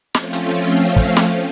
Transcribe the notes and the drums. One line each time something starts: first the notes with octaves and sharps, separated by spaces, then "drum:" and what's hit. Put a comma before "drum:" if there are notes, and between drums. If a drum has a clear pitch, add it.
F3 A3 C4 C#4 F4, drum: snare
drum: hi-hat
drum: kick
drum: snare